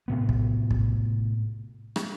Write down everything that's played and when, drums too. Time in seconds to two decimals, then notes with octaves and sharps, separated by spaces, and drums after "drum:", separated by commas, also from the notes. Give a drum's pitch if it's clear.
0.08 A2 C3 B3
0.29 drum: kick
0.71 drum: kick
1.96 drum: rim click